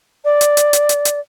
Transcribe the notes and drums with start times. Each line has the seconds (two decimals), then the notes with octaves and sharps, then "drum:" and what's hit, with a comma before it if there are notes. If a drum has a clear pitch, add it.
0.25 D5
0.41 drum: hi-hat
0.57 drum: hi-hat
0.73 drum: hi-hat
0.89 drum: hi-hat
1.05 drum: hi-hat